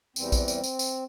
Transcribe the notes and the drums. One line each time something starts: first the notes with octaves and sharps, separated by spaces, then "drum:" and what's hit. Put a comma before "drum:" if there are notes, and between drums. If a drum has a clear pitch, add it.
E2 E3 G3 C4, drum: tambourine
drum: kick, tambourine
drum: tambourine
drum: tambourine
drum: tambourine